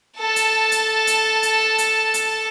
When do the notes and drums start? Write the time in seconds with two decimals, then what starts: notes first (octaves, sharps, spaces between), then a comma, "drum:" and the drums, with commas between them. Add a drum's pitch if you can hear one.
0.18 A4 A5
0.36 drum: hi-hat
0.72 drum: hi-hat
1.07 drum: hi-hat
1.43 drum: hi-hat
1.78 drum: hi-hat
2.14 drum: hi-hat